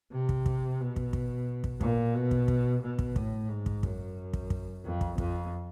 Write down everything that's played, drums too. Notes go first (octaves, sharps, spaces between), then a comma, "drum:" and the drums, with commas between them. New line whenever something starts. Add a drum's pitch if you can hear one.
C3
drum: kick
drum: kick
B2
drum: kick
drum: kick
drum: kick
A#2, drum: kick
B2
drum: kick
drum: kick
B2
drum: kick
A2, drum: kick
G#2
drum: kick
F#2, drum: kick
drum: kick
drum: kick
F2
drum: kick
F2, drum: kick